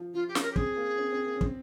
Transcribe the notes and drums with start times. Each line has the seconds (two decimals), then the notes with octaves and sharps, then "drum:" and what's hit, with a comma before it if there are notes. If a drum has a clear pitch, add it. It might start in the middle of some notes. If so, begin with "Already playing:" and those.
Already playing: F3
0.14 F3 F4
0.28 G4
0.35 C#4, drum: snare
0.42 A#4
0.52 G4
0.56 C4 G#4, drum: kick
0.77 A#3
0.98 C4
1.12 C4
1.26 A#3
1.34 C#4
1.41 C4, drum: kick